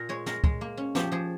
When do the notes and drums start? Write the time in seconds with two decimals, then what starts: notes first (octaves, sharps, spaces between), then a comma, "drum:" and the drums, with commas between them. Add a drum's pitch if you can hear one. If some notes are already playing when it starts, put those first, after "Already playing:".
Already playing: A#2 A#4
0.09 G#3 C#5
0.26 G#3 A#4, drum: snare
0.44 G#3, drum: kick C#2
0.61 A#3
0.77 C#4
0.95 F3 G4, drum: snare
1.12 F3 G#4